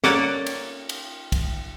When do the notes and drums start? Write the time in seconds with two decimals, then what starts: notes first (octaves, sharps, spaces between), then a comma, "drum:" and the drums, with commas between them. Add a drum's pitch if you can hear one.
0.04 A#3 C#4 A4 D5 F#5, drum: snare
0.46 drum: cymbal
0.89 drum: cymbal
1.32 drum: kick, cymbal